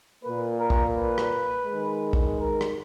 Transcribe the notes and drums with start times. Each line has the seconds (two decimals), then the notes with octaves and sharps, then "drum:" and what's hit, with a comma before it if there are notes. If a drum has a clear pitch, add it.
0.22 A#2 A#3 B4
0.58 A#4
0.70 drum: kick
0.94 B4
1.18 drum: rim click
1.65 D#3 G#3
2.13 drum: kick
2.37 A#4
2.61 drum: rim click